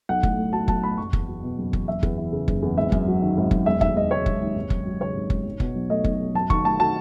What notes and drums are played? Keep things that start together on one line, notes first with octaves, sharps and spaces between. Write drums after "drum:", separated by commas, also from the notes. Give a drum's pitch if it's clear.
B1 F#5
A2, drum: kick F#1
A3
F#3 A5
B1 A5, drum: kick F#1
A2 B5
F#1 C#6
E2, drum: kick F#1
F#3
B2
F#1
E2, drum: kick F#1
F#1 E5
E2, drum: kick F#1
E3
C#3
F#1, drum: kick F#1
E2
G#1 E5
F#2, drum: kick F#1
F#3
D#3
G#1
F#2, drum: kick F#1
E1 E5
D#2 E5, drum: kick F#1
G#3 D#5
C#3 C#5
E1, drum: kick F#1
D#2
G#1
F#2, drum: kick F#1
F#3
C#3 C#5
G#1
F#2, drum: kick F#1
B1
B2, drum: kick F#1
B1
A3 D#5
B1, drum: kick F#1
B2
F#2 A5
D#3 C#6, drum: kick F#1
A3 A5
F#3 A5